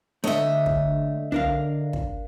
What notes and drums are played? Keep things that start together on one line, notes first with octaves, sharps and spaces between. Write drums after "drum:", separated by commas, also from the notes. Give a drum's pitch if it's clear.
D3 A3 C#5 D#5 E5
drum: kick
D4 A#4 F5, drum: tom
drum: kick